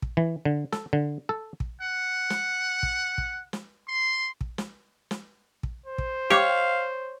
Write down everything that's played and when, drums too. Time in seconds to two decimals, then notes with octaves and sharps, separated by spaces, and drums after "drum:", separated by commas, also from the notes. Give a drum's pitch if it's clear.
0.02 drum: kick
0.17 E3
0.45 D3
0.73 A4, drum: snare
0.93 D3
1.29 A4
1.60 drum: kick
1.82 F#5
2.30 drum: snare
2.83 drum: kick
3.18 drum: kick
3.53 drum: snare
3.88 C6
4.41 drum: kick
4.58 drum: snare
5.11 drum: snare
5.63 drum: kick
5.86 C5
5.98 drum: kick
6.30 G4 C#5 F5, drum: snare